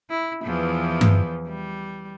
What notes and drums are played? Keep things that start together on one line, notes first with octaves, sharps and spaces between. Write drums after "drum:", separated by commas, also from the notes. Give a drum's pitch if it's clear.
E4
E2 E3 F3
drum: tom G2
G3